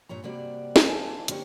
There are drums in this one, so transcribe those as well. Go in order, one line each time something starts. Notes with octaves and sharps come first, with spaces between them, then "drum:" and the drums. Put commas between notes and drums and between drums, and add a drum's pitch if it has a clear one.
G2 A#2 C#5 A#5
C3 G3 A#3 F#4 D5
drum: snare
A#4 C5 D#5 F5 G#5 A5
D3 A#3 C#4 G4 C5 C#5, drum: hi-hat